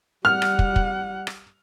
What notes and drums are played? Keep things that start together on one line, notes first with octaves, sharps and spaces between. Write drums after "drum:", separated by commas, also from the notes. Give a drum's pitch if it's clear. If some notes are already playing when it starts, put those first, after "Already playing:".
G3 F#5 F6
drum: rim click
drum: kick
drum: kick
drum: rim click